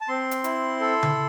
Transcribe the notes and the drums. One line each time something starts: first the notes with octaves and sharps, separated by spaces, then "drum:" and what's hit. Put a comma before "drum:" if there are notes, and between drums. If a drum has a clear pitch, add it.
A5
C4 C6
drum: hi-hat
E4, drum: hi-hat
A4
drum: tom C#3